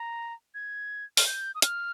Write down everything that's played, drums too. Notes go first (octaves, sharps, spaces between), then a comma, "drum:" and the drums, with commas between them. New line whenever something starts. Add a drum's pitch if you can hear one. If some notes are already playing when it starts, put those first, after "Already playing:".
Already playing: A#5
G#6
F6, drum: open hi-hat
G6
D#6
F6, drum: hi-hat